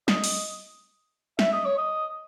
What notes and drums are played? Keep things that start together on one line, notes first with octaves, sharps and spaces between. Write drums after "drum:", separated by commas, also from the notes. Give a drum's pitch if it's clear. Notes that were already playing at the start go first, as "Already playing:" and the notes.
D#5, drum: snare
drum: open hi-hat
E5, drum: snare
D#5
C#5
D#5